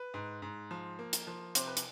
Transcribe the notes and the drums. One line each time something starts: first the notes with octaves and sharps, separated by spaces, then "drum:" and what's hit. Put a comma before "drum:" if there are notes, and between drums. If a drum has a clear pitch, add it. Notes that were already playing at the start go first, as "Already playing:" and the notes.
Already playing: B4
G#2
G#2
F3
A#3
drum: hi-hat
F3
C3 C5, drum: hi-hat
B4
drum: hi-hat